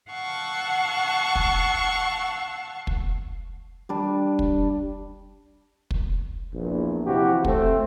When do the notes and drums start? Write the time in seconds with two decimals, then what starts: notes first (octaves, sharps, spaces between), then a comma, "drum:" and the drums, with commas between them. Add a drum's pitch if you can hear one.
0.11 F5 F#5 A5 C#6 E6
1.35 drum: kick
2.87 drum: kick
3.89 G3 D4
4.39 drum: kick
5.91 drum: kick
6.53 A#1 E2
7.04 C3 E3 F3 F#4 G4
7.45 A3 C4, drum: kick